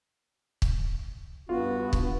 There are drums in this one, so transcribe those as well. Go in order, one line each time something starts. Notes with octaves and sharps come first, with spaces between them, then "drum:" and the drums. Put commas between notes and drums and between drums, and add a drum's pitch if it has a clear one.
drum: kick
G2 B3 F4 F#4
drum: kick